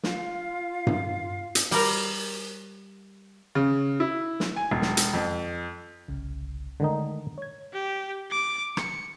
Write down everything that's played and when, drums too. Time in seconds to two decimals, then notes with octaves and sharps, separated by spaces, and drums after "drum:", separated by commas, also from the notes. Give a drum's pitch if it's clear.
0.03 F4 F5, drum: snare
0.87 drum: tom G2
1.55 drum: hi-hat
1.71 G3 A#4, drum: open hi-hat
3.55 C#3
4.00 E4
4.40 drum: snare
4.56 G#5
4.71 E1
4.82 drum: snare
4.97 drum: hi-hat
5.13 F2
6.08 G1 C2 C#3
6.80 D3 D#3 G#3 A3 D#4
7.38 C#5 G#6
7.73 G4
8.31 D6
8.77 C#7, drum: rim click